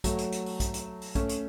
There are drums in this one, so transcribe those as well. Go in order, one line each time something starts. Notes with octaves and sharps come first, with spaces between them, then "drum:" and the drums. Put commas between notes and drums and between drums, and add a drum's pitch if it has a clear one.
F#3 A3, drum: kick A#1, hi-hat
drum: hi-hat
drum: hi-hat
drum: open hi-hat
drum: kick A#1, hi-hat
drum: hi-hat
drum: open hi-hat
A3 C#4, drum: kick A#1, hi-hat
drum: hi-hat